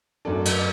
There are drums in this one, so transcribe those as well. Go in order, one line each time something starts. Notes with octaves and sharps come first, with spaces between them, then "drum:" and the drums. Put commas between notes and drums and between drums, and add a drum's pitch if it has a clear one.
F#2 F#3 A3 D4 A4
D5, drum: cymbal